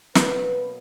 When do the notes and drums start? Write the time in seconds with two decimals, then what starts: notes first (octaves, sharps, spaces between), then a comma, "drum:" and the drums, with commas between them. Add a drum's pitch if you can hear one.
0.15 B2 F#3 A#3 B4, drum: snare